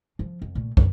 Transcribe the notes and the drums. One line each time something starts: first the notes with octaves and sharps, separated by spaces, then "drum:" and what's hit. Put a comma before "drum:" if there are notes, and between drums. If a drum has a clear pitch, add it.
F3
F2
A#2 A3
F#2, drum: kick